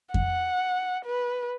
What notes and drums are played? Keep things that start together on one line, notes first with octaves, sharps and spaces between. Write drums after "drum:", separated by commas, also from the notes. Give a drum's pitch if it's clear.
F#5, drum: kick F2
B4